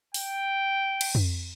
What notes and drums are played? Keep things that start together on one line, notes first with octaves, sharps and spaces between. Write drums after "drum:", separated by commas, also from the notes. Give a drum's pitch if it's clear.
G5, drum: open hi-hat
drum: cymbal
drum: tom F2